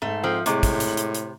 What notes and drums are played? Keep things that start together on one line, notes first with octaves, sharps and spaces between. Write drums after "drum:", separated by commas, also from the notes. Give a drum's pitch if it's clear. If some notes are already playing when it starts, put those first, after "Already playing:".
G#2 A3
F3 C4
A2 C3 G#3 C#6 D6, drum: hi-hat
drum: kick, hi-hat
drum: hi-hat
drum: hi-hat
drum: hi-hat